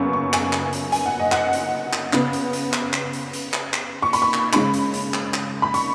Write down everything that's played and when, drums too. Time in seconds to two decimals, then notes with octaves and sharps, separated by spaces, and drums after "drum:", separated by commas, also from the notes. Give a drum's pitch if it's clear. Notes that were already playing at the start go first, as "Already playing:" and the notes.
Already playing: F#2 C#3 B3 C#6
0.13 C#6
0.33 G#5, drum: clap
0.53 drum: clap
0.73 drum: hi-hat
0.92 G#5, drum: hi-hat
1.06 F#5
1.20 D#5
1.32 F#5, drum: clap
1.53 drum: hi-hat
1.93 drum: clap
2.13 C#3 B3, drum: clap
2.33 drum: hi-hat
2.53 drum: hi-hat
2.73 drum: clap
2.93 drum: clap
3.13 drum: hi-hat
3.33 drum: hi-hat
3.53 drum: clap
3.73 drum: clap
4.02 C#6
4.13 B5, drum: hi-hat
4.22 C#6
4.34 drum: clap
4.53 C#3 G#3 C#4 B5, drum: clap
4.74 drum: hi-hat
4.94 drum: hi-hat
5.14 drum: clap
5.34 drum: clap
5.62 B5
5.74 C#6, drum: hi-hat